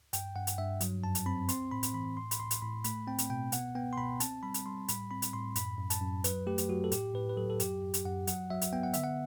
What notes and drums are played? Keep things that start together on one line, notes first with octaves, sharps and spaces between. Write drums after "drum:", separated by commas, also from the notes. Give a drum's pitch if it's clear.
G2 G5, drum: hi-hat
G2 F#5
drum: hi-hat
G2 E5
F#3, drum: hi-hat
F#2 A5
drum: hi-hat
C4 B5
C4 C6, drum: hi-hat
A2 B5
drum: hi-hat
E3 B5
A2 C6
B5, drum: hi-hat
A2 C6
drum: hi-hat
A2 B5
A3 B5, drum: hi-hat
C4 G5
drum: hi-hat
B2 G5
B3 F#5, drum: hi-hat
B3 G5
C6
B2 B5
C4 A5, drum: hi-hat
G3 B5
drum: hi-hat
G3 C6
A2 B5, drum: hi-hat
C4 B5
drum: hi-hat
A2 C6
F#2 B5, drum: hi-hat
F#2
A5, drum: hi-hat
F#2
F#3 B4, drum: hi-hat
A3 G4
drum: hi-hat
F#3 F#4
A4
A2 G4, drum: hi-hat
A2 B4
B4
F#3 A4
A4
F#2 G4, drum: hi-hat
F#2
drum: hi-hat
F#2 F#5
F#3 F#5, drum: hi-hat
F#3 E5
drum: hi-hat
B3 G5
F#5
D3 E5, drum: hi-hat
F#5